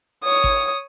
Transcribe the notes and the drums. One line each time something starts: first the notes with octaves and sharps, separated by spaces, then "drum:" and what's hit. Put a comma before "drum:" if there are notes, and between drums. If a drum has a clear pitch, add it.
C#5 D#6
drum: kick G#1